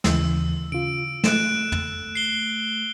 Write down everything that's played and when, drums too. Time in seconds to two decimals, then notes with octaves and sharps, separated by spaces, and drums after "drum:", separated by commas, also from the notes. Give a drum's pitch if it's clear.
0.04 D#2 C#3 E3 E6, drum: snare
0.72 C#3 F4 D7
1.24 A3 F#6 D7 E7, drum: snare
1.72 drum: tom
2.15 C7 G7